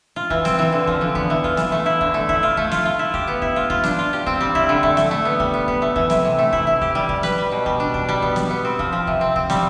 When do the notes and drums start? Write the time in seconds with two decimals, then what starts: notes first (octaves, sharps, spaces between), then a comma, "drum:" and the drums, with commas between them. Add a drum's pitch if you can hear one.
0.16 F4
0.30 E3, drum: kick
0.45 C4, drum: snare
0.59 E3
0.73 D3
0.87 F3, drum: kick
1.01 D3
1.15 B3, drum: kick
1.30 E3
1.44 F4, drum: kick
1.57 E3, drum: snare
1.72 A3
1.86 E4
2.01 D3, drum: kick
2.14 A3
2.29 E4, drum: kick
2.43 F4
2.57 A3, drum: kick
2.72 F4, drum: snare
2.86 F4
2.99 E4
3.14 G4, drum: kick
3.27 B3
3.42 E4, drum: kick
3.56 F4
3.70 F4, drum: kick
3.84 D4, drum: snare
3.99 F4
4.13 G4
4.26 C4, drum: kick
4.41 G3
4.55 E4, drum: kick
4.69 D3
4.83 A3, drum: kick
4.97 A3, drum: snare
5.11 A3
5.25 B3
5.40 G3, drum: kick
5.54 B3
5.68 B3, drum: kick
5.82 A3
5.96 E3, drum: kick
6.10 C3, drum: snare
6.25 C3
6.39 A3
6.53 E4, drum: kick
6.67 E4
6.82 G4, drum: kick
6.95 G3
7.09 G3, drum: kick
7.23 B4, drum: snare
7.38 G3
7.52 B2
7.66 G3, drum: kick
7.80 D4
7.94 D4, drum: kick
8.09 G3
8.22 B3, drum: kick
8.36 G3, drum: snare
8.50 B3
8.65 C4
8.79 F3, drum: kick
8.93 F3
9.07 C3, drum: kick
9.21 C4
9.36 C4, drum: kick
9.50 G3, drum: snare